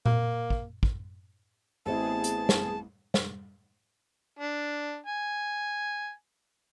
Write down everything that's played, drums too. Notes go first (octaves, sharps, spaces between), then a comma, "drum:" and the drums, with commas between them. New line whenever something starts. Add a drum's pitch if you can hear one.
A#3, drum: tom A#2
drum: kick
drum: kick
A1 B3 C4 E4 G#4 A5
drum: hi-hat
drum: snare
drum: snare
D4
G#5